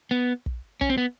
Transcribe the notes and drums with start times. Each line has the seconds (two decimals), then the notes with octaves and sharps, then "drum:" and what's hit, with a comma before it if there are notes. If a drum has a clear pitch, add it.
0.11 B3
0.46 drum: kick
0.81 C#4, drum: kick
0.90 C4
0.98 B3